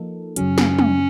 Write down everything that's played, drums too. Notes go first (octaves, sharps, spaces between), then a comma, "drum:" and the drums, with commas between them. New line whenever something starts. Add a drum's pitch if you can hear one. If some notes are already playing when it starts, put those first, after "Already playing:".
Already playing: F3 A#3 D#4 A4
F#2 C#3 F#3 C#4, drum: hi-hat
drum: snare
drum: tom